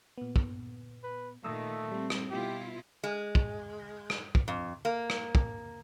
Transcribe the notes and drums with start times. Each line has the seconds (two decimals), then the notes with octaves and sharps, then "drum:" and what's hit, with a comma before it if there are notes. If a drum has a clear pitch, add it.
0.18 A#2 B3
0.36 drum: kick
1.03 B4
1.44 A#2 D#3 A3 D#6 E6
1.92 G3 C4
2.10 drum: rim click
2.30 B2 E4 F4 G4
3.04 G#3
3.35 drum: kick
4.10 drum: rim click
4.35 drum: kick
4.48 F2
4.85 A#3
5.10 drum: rim click
5.35 drum: kick